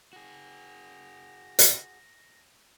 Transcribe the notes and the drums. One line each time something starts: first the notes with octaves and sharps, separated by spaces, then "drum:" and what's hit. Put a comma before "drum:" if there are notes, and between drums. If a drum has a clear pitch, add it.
F#4 G#4 A#6
drum: hi-hat